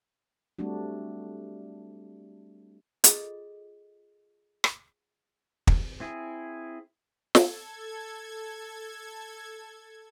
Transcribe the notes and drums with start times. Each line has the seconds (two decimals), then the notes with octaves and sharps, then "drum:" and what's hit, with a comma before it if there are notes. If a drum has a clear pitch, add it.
0.59 G3 A3 C4 D4 F#4
3.04 F4 G#4 A4 D#5, drum: hi-hat
4.64 drum: rim click
5.67 drum: kick
6.00 C4 E4 G#4
7.35 A4 G#6, drum: snare